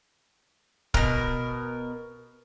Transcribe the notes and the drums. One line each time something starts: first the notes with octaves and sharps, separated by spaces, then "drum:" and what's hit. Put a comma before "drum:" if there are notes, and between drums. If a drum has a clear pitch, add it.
B2 A#4, drum: kick